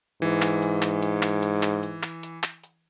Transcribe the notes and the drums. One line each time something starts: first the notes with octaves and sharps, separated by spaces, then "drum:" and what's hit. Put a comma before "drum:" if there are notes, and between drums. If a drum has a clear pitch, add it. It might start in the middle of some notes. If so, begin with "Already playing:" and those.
G#2 E3
drum: clap
drum: hi-hat
drum: clap
drum: hi-hat
drum: clap
drum: hi-hat
drum: clap
drum: hi-hat
drum: clap
drum: hi-hat
drum: clap
drum: hi-hat